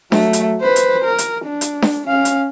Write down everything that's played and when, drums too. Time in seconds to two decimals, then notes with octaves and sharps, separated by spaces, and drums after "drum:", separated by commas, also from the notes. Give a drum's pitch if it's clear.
0.12 F#3 A3, drum: snare D4
0.33 drum: hi-hat
0.62 B4 C5
0.76 drum: hi-hat
1.05 A#4
1.18 drum: hi-hat
1.45 D4
1.61 drum: hi-hat
1.82 drum: snare D4
2.07 C#4 F5
2.25 drum: hi-hat